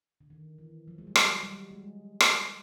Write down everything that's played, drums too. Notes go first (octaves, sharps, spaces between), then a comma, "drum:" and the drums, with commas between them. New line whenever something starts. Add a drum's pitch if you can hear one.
D3
D#3
E3
F3
G#3
G3
F#3, drum: rim click
G3
G#3
drum: rim click